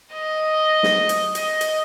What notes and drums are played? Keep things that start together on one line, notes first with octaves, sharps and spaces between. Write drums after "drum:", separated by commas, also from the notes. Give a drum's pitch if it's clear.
D#5
drum: snare
drum: hi-hat
D#5, drum: hi-hat
drum: hi-hat